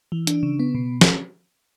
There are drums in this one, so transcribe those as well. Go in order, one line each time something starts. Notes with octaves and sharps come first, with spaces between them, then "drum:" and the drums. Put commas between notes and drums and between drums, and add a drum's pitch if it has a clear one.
E3
D4, drum: hi-hat
C#3
B3
B2
drum: snare